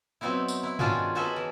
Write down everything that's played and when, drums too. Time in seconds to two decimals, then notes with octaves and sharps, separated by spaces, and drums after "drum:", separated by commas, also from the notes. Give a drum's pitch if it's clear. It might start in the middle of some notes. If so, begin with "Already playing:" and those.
0.21 F#3 B3 C4 D#4 E4
0.48 drum: tambourine
0.63 E4
0.79 D#3 C#4 D4 F4 F#4 G#4, drum: tom G2
1.15 D#4 F#4 G#4 A4 B4 E5
1.36 E3